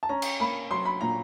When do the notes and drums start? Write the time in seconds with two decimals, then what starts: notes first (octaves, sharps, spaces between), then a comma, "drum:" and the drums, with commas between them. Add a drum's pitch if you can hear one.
0.03 A5
0.09 C#4 A#5
0.22 drum: cymbal
0.40 A#3 B5
0.71 F#3 C6
0.85 B5
1.01 A#2 A#5